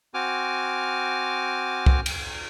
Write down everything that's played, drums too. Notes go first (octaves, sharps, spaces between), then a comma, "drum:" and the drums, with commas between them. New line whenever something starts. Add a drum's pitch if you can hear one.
C4 F#4 G#5 D6 F6
drum: kick
drum: cymbal